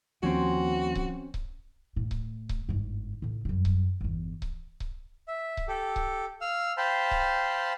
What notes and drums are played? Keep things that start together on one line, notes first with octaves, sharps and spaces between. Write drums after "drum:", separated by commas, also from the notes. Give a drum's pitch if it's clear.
D#2 F3 C4 C#4 F#4
drum: kick C#1
drum: kick C#1
A2
drum: kick C#1
drum: kick C#1
G1 G#2
C#2 A2
F#2 G3
drum: kick C#1
G1 E2
drum: kick C#1
drum: kick C#1
E5
drum: kick C#1
G4 A4
drum: kick C#1
F5 E6 F6
C5 F5 G5 A5 B5 C6
drum: kick C#1